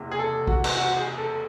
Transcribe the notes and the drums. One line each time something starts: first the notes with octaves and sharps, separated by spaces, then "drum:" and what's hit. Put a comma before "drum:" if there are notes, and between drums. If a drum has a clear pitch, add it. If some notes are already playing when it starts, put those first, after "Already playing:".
Already playing: F#1 E2 C3
G#4
A4
F#4, drum: kick A#1
drum: cymbal
F#4
G#4
A4